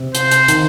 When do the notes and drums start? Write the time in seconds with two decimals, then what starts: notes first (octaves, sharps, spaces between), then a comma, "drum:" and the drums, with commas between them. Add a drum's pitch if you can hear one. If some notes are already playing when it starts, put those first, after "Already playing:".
Already playing: C3
0.15 C5, drum: hi-hat
0.31 drum: hi-hat
0.48 D#3, drum: hi-hat